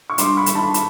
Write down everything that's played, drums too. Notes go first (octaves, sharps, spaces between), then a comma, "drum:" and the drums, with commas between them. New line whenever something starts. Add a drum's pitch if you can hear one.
C#6
G2 C6 D6, drum: hi-hat
B5 C#6
D#3, drum: hi-hat
A5 B5
B5, drum: hi-hat